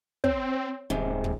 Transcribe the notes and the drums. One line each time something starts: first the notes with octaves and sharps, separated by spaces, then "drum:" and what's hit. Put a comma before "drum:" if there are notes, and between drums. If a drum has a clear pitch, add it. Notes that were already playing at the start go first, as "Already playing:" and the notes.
C4 C#5, drum: kick
D#1 G#2 C3
drum: kick